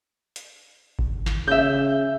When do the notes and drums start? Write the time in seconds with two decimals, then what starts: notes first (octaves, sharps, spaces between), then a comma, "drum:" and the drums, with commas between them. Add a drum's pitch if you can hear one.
0.36 drum: hi-hat
0.99 drum: kick G#1
1.26 drum: snare
1.48 C#3 E5 G6